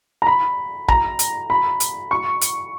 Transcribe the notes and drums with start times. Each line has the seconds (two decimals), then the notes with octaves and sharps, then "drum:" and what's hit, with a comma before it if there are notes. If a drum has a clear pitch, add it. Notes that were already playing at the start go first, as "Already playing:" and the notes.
0.22 A#5
0.27 B5
0.88 A#5, drum: kick
1.19 drum: hi-hat
1.50 B5
1.80 drum: hi-hat
2.11 C#6
2.41 drum: hi-hat